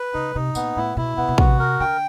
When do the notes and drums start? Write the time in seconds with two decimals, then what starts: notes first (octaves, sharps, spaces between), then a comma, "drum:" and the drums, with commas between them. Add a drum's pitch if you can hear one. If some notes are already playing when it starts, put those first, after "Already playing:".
Already playing: B4
0.14 C#3 D#4
0.35 C3 D#4
0.55 A#2 B3, drum: tambourine
0.76 A2 E4
0.97 B2 E4
1.17 B2 B3
1.28 B2
1.38 C3 F#4, drum: kick
1.59 A#4
1.80 D3 G5